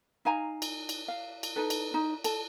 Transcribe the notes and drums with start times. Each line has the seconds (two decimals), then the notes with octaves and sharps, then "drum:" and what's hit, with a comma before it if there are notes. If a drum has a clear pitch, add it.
0.25 D#4 F5 G#5 A#5
0.62 drum: cymbal
0.89 drum: cymbal
1.08 F5
1.43 drum: cymbal
1.56 D#4 A4 B4
1.70 drum: cymbal
1.94 D#4
2.24 A4 A5, drum: cymbal